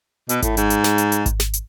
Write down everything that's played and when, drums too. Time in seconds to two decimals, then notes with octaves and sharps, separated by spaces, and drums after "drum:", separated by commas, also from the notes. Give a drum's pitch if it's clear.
0.29 B2, drum: hi-hat
0.42 A2, drum: kick G#1, hi-hat
0.57 G#2, drum: hi-hat
0.70 drum: hi-hat
0.84 drum: snare
0.98 drum: hi-hat
1.12 drum: hi-hat
1.26 drum: kick G#1, hi-hat
1.40 drum: snare
1.53 drum: hi-hat